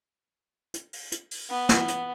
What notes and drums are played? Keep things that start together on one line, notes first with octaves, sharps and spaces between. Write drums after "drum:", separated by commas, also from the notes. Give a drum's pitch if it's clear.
drum: hi-hat
drum: open hi-hat
drum: hi-hat
drum: open hi-hat
B3
drum: snare
drum: hi-hat